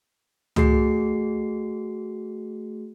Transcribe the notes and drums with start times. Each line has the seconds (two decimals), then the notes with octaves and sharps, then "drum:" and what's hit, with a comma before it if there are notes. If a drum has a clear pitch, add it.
0.56 A3 F#4 G#4 C7, drum: tom C#2